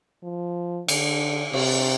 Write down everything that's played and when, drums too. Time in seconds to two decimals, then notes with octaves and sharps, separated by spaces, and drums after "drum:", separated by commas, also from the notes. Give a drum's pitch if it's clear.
0.23 F3
0.88 D3, drum: cymbal
1.53 C3, drum: cymbal